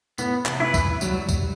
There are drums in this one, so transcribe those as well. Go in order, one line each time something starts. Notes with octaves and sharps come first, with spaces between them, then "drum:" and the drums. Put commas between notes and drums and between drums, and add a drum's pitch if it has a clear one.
A2 B3, drum: tambourine
C3, drum: clap
E4 B4
E3, drum: kick, tambourine
F#3 G3, drum: tambourine
drum: kick, tambourine